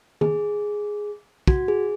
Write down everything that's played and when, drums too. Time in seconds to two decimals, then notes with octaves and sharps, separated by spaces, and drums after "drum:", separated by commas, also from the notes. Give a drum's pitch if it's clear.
0.21 G#4, drum: tom D#3
1.47 F#4, drum: kick
1.68 G#4